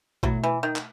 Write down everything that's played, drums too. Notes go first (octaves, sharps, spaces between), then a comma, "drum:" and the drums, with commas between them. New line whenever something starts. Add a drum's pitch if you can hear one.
B2 F#3 A3 E4, drum: kick A#1
E3
D#3
drum: clap